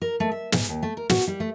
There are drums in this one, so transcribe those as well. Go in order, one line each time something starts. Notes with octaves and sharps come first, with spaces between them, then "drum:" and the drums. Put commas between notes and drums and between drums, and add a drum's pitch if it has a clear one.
A#4
A3
E5
G#2, drum: snare
D#2
A3
A#4
F#4, drum: snare
G3
A3